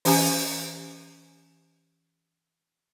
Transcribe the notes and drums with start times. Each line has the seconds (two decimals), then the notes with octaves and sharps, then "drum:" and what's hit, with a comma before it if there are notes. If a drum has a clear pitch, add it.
0.05 E3 C#4 G4 G#5 A#5, drum: open hi-hat